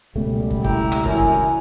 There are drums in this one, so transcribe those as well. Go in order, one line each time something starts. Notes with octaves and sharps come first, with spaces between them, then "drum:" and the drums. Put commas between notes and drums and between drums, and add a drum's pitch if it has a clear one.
C#2 F#2 B2 G3 A3
drum: kick
E4 G4 A#5, drum: kick
drum: rim click
F#2 E3 D4 G#5, drum: kick
drum: kick